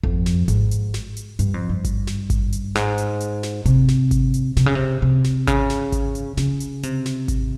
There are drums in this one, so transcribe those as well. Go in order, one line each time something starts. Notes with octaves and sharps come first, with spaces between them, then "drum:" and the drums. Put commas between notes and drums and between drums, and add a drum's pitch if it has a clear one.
F2, drum: kick G#1
drum: snare
G#2, drum: kick G#1, hi-hat
drum: hi-hat
drum: snare
drum: hi-hat
G2, drum: hi-hat
F2
G2
drum: kick G#1, hi-hat
drum: snare
drum: kick G#1, hi-hat
drum: hi-hat
G#2, drum: snare
drum: hi-hat
drum: hi-hat
drum: snare
C3, drum: kick G#1, hi-hat
drum: snare
drum: kick G#1, hi-hat
drum: hi-hat
C3, drum: snare
C#3
C3
C3
drum: snare
C#3, drum: kick G#1, hi-hat
drum: snare
drum: kick G#1, hi-hat
drum: hi-hat
C#3, drum: snare
drum: hi-hat
C3, drum: hi-hat
drum: snare
drum: kick G#1, hi-hat